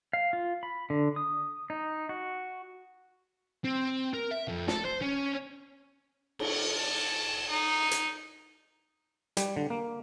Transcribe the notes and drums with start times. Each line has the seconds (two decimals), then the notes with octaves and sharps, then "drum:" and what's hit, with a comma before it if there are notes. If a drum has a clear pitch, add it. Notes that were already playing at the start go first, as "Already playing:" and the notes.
0.13 F5
0.33 F4
0.63 B5
0.90 D3
1.16 D#6
1.70 D#4
2.09 F#4
3.65 C4
4.14 A#4
4.31 E5
4.48 F2
4.68 A4, drum: snare
4.85 C5
5.02 C#4
6.39 drum: cymbal
6.76 A5
7.50 D#4
7.91 drum: hi-hat
9.37 G3, drum: hi-hat
9.56 D3
9.70 A#3